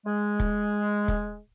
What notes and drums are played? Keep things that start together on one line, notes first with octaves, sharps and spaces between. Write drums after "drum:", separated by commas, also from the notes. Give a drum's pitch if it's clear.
G#3
drum: kick
drum: kick